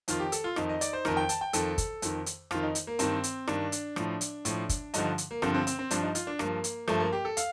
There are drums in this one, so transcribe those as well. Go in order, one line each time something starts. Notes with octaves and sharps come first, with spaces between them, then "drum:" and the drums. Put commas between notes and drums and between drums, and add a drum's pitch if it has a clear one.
F2 D#3 F4, drum: hi-hat
G4
A4, drum: hi-hat
F4
F2 D#3 D#4, drum: rim click
D#5
D5, drum: hi-hat
C5
F2 D#3 A#4, drum: rim click
G5
A5, drum: hi-hat
G5
F2 D#3 A4, drum: hi-hat
drum: kick, hi-hat
F2 D#3, drum: hi-hat
drum: hi-hat
F2 D#3 F4, drum: rim click
D#4
drum: hi-hat
A#3
G2 D#3 C4, drum: hi-hat
drum: hi-hat
G2 D#3 D4, drum: rim click
drum: hi-hat
A2 F3, drum: rim click
drum: hi-hat
A2 F3, drum: hi-hat
drum: kick, hi-hat
G2 D3 F3 D#4, drum: hi-hat
drum: hi-hat
A#3
G2 D3 F3 C4, drum: rim click
C4
C4, drum: hi-hat
C4
G2 F3 D4, drum: hi-hat
D#4
F4, drum: hi-hat
D4
G2 F3 A#3, drum: rim click
drum: hi-hat
G2 F3 A3, drum: rim click
A#3
G4
A4
F5, drum: hi-hat